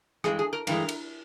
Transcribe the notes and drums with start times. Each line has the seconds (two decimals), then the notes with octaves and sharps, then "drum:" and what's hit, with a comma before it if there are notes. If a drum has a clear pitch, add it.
0.24 G2 E3 G#3 G#4, drum: rim click
0.39 G#4
0.53 A#4
0.67 G2 E3 G#3 A#4, drum: cymbal
0.89 drum: cymbal